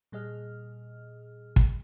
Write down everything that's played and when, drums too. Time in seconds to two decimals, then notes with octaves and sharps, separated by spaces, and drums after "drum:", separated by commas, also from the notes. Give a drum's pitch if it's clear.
0.12 A#2 G3 G#4 D#5 F6
1.56 drum: kick